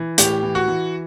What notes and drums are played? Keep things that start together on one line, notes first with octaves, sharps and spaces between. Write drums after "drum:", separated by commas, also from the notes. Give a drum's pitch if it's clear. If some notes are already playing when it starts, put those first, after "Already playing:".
Already playing: E3
A2 G4, drum: hi-hat
E3
F#4
E3